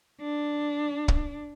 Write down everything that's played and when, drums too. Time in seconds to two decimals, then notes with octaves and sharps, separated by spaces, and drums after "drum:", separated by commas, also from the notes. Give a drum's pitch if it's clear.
0.21 D4
1.08 drum: kick